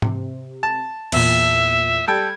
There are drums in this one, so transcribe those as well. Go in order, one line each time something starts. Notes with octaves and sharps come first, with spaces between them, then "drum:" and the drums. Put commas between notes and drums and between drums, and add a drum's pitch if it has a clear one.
C3, drum: tom G#2
A5
E2 A#2 E5, drum: cymbal
G3 A4 G5 G#6